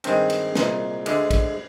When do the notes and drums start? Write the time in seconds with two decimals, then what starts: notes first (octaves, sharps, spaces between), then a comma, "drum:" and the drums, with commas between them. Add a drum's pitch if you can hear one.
0.04 G2 D#3 G#3 C4, drum: cymbal
0.30 drum: cymbal
0.55 C2 A#2 G#3, drum: snare
1.06 D2 D3 G#3, drum: cymbal
1.31 drum: kick, cymbal